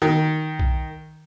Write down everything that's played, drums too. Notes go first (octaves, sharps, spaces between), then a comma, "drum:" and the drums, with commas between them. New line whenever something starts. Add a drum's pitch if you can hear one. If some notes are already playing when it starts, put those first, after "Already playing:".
D#3
drum: kick B1